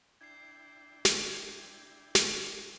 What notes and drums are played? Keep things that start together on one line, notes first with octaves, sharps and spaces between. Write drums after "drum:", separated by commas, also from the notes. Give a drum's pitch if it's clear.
D4 E4 G5 G#6 C7
drum: snare
G6 G#6
drum: snare